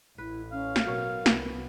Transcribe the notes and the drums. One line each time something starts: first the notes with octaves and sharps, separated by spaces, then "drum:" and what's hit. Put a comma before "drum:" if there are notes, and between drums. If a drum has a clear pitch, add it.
A1 E4 B4
C#4 F5
drum: snare
B2 F#3 A#4 C#5
C2 B3, drum: snare